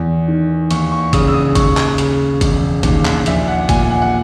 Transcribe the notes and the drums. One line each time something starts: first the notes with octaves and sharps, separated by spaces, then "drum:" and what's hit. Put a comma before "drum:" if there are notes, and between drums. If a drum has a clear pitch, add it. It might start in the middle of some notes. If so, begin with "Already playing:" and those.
Already playing: E2
D#3
D#2 C#6, drum: hi-hat
C#6
C#3 D#6, drum: kick G1, hi-hat
E6
D#6
D#2 C#6, drum: kick G1, hi-hat
drum: clap
C#3, drum: hi-hat
E1, drum: kick G1, hi-hat
D#2, drum: kick G1, hi-hat
drum: clap
A#1 E5, drum: hi-hat
F#5
A#2 G#5, drum: kick G1, hi-hat
F#5
F#5